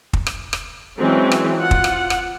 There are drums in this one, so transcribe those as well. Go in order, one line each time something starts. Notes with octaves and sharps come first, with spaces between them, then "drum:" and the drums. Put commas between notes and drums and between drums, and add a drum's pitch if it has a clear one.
drum: kick
drum: rim click
drum: rim click
E3 F#3 G#3 C4 C#4
drum: rim click
F4 F#5
drum: kick
drum: rim click
drum: rim click